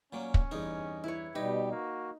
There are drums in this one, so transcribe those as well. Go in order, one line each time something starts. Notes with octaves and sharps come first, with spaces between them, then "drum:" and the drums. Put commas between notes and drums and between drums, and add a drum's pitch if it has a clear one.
A#2 F#3 A#3 C#4
drum: kick
E2 G2 D#4 G#4
E4 B4 C#5
B2 G3 D#4 G4 B4
A#3 F#4